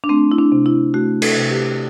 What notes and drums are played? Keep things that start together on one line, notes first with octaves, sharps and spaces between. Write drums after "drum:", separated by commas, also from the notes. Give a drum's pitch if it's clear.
D4
A3 C4
E4
D4
C3
E4
A3 F#4
A4, drum: cymbal
C3
G4